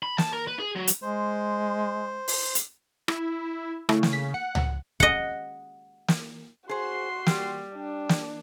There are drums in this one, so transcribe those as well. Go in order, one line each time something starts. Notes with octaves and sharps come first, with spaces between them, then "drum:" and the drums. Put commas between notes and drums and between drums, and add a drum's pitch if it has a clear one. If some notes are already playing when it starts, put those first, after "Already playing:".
B5
A5, drum: snare
A#4
B4
G#4
F#3
drum: hi-hat
G#3 C5
drum: open hi-hat
drum: hi-hat
E4, drum: rim click
C#3 A3 E4, drum: rim click
drum: snare
B6
F#5 C#7
drum: tom C#2
D#5 F#5, drum: kick
drum: snare
F#4 G#4 C5 C6
G3 G4, drum: snare
D4
drum: snare